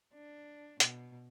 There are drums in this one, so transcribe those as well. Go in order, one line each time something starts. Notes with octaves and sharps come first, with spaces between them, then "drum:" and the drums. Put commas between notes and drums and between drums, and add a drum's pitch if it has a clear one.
D4
B2, drum: hi-hat